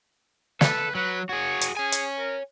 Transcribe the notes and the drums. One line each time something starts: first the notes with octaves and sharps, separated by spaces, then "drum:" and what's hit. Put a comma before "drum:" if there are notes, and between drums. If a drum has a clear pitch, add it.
A4 B4, drum: snare
F#3 B4
F#4 G#4 C#5
drum: hi-hat
G#4 C#5 G#5
drum: hi-hat
A#4